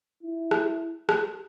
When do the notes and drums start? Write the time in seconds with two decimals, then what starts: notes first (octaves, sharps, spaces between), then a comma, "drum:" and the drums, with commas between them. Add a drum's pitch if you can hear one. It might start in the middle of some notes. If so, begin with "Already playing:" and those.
0.23 E4
0.51 drum: rim click
1.09 G4, drum: rim click